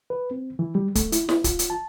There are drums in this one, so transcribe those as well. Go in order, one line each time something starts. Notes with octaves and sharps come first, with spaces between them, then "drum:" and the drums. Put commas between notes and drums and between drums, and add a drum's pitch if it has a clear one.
B4
C4
E3
G3
A3, drum: kick, hi-hat
E4, drum: hi-hat
E4, drum: snare
F4, drum: kick, hi-hat
drum: hi-hat
A5